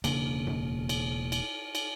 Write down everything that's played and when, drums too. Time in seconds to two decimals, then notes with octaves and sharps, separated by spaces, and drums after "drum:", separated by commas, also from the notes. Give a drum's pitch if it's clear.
0.04 E1 C#3 A#3 D4, drum: cymbal
0.47 drum: tom F#2
0.89 drum: cymbal
1.32 drum: cymbal
1.75 drum: cymbal